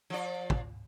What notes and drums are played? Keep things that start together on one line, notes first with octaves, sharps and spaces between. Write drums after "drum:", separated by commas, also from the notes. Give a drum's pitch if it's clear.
F3 D5
drum: kick